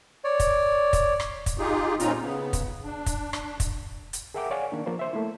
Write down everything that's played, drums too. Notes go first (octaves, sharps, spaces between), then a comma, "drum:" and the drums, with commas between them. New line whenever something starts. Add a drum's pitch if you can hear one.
C#5 D5
drum: kick, hi-hat
drum: kick, hi-hat
drum: rim click
drum: kick, hi-hat
D#4 F4 G4 G#4
A#2 C4 C#4 D#4 F4 A#5, drum: hi-hat
C#3 B3
drum: kick, hi-hat
D4
drum: kick, hi-hat
drum: rim click
drum: kick, hi-hat
drum: hi-hat
G#4 A#4 E5 F#5 G5 D6
C#5 D5 F5 F#5 G#5 C#6
D#3 A#3 D4
F3 A#3 F4 C5
C5 E5
A3 A#3 E4